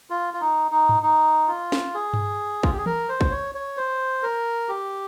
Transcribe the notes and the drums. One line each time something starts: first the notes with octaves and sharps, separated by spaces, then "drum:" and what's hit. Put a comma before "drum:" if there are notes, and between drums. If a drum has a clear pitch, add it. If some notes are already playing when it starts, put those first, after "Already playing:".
F4
F4
D#4
D#4
drum: tom G#2
D#4
F4
drum: snare
G#4
drum: tom G2
F4, drum: kick
G4
G#4
A#4, drum: tom E3
C5
drum: kick
C#5
C#5
C5
A#4
G4